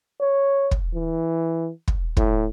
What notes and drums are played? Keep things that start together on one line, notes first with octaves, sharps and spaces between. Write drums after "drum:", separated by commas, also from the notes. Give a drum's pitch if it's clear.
C#5
drum: kick
E3
drum: kick
A2, drum: kick